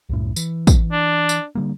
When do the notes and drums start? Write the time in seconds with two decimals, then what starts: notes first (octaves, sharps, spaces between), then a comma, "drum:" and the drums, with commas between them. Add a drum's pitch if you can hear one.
0.09 C2 F#2 A2
0.36 E3, drum: tambourine
0.67 drum: kick, tambourine
0.92 D4
1.29 drum: tambourine
1.55 D3 G3 A#3